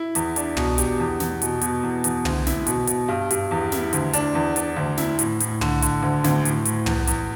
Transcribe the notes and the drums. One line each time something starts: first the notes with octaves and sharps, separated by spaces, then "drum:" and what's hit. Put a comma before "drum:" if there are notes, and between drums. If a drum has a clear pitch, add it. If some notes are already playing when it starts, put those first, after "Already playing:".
Already playing: E4
E2, drum: hi-hat
D4, drum: hi-hat
B2, drum: tom
G4, drum: hi-hat
E2
E2, drum: snare
B2, drum: hi-hat
B2, drum: hi-hat
E2
E2, drum: hi-hat
D2, drum: tom
E4, drum: snare
B2, drum: hi-hat
B2, drum: hi-hat
G2
G2, drum: hi-hat
E2
E4, drum: snare
D2, drum: hi-hat
D4, drum: hi-hat
E2
D4, drum: hi-hat
D2
E4, drum: snare
A2, drum: hi-hat
A2, drum: hi-hat
D3, drum: tom
D3, drum: hi-hat
D2
D2, drum: snare
A2, drum: hi-hat
A2, drum: hi-hat
E2, drum: tom
E2, drum: hi-hat